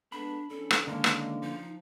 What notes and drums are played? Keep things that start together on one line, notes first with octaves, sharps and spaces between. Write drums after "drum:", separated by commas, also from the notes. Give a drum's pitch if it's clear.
G#3 B3 D4 A4 B5
E2 C#4 D4 A4
drum: rim click
D3 D#3 G#3 A#3
drum: rim click
F3 D#4